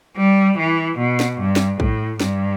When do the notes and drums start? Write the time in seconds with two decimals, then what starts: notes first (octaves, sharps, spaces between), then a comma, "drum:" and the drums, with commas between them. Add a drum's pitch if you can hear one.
0.17 G3
0.58 E3
0.98 B2
1.20 drum: snare
1.39 G2
1.56 drum: snare
1.80 A2, drum: kick A#1
2.20 G2, drum: snare